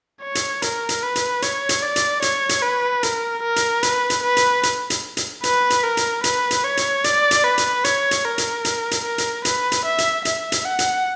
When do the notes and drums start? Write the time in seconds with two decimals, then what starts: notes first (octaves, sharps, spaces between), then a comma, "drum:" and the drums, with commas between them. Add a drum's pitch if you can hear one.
0.22 C#5
0.35 drum: hi-hat
0.62 A#4, drum: hi-hat
0.89 drum: hi-hat
1.02 B4
1.16 drum: hi-hat
1.42 C#5, drum: hi-hat
1.69 drum: hi-hat
1.82 D5
1.96 drum: hi-hat
2.22 C#5, drum: hi-hat
2.49 drum: hi-hat
2.62 B4
3.03 A#4, drum: hi-hat
3.42 A#4
3.56 drum: hi-hat
3.83 B4, drum: hi-hat
4.10 drum: hi-hat
4.23 B4
4.37 drum: hi-hat
4.63 drum: hi-hat
4.90 drum: hi-hat
5.17 drum: hi-hat
5.44 B4, drum: hi-hat
5.70 drum: hi-hat
5.84 A#4
5.97 drum: hi-hat
6.24 B4, drum: hi-hat
6.51 drum: hi-hat
6.64 C#5
6.77 drum: hi-hat
7.04 D5, drum: hi-hat
7.31 drum: hi-hat
7.44 B4
7.58 drum: hi-hat
7.84 C#5, drum: hi-hat
8.11 drum: hi-hat
8.25 A#4
8.38 drum: hi-hat
8.65 drum: hi-hat
8.91 drum: hi-hat
9.05 A#4
9.18 drum: hi-hat
9.45 B4, drum: hi-hat
9.72 drum: hi-hat
9.85 E5
9.98 drum: hi-hat
10.25 E5, drum: hi-hat
10.52 drum: hi-hat
10.65 F#5
10.79 drum: hi-hat